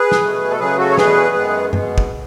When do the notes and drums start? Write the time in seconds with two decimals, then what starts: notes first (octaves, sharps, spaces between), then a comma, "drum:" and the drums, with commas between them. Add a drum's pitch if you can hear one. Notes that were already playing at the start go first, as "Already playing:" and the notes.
Already playing: G#4 B4
0.12 drum: snare
0.22 B2 A3
0.51 A4
0.59 C#3 F#3 A3 G#4 B4
0.78 F#4 A4
0.91 C#5
0.97 E2 B2 A3 G#4 B4, drum: snare
1.35 F#2 D#3 G#3 B3
1.73 B2 G#3 B3, drum: tom F#2
1.98 drum: kick
2.11 A2